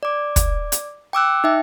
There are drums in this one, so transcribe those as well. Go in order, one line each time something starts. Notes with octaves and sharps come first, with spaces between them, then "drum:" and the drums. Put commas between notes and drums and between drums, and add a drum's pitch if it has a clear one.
D5 D6
drum: kick, hi-hat
drum: hi-hat
G5 D6 E6 F#6
D#4 E5 G5